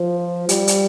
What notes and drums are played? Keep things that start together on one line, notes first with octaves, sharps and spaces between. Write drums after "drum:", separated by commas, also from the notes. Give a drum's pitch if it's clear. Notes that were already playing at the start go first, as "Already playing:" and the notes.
Already playing: F3
G3, drum: hi-hat
drum: hi-hat